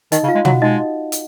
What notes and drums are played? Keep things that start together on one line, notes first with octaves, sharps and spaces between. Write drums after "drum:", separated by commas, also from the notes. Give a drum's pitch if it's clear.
D#3 D#4 D#5, drum: hi-hat
C#3
F4 F5
G#3
F#3 F#4 F#5, drum: tom
G#3 D#4 D#5
drum: hi-hat